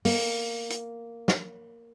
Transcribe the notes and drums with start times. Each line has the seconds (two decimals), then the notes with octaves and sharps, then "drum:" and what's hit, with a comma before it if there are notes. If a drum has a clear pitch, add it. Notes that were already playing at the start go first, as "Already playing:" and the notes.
0.05 A#3, drum: open hi-hat
0.70 drum: hi-hat
1.28 drum: snare